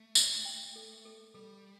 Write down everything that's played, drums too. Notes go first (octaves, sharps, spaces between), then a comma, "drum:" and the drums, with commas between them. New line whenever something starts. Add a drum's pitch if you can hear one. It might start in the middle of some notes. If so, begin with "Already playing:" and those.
Already playing: A3
D5, drum: tambourine
G5
A4
A4
G3 A4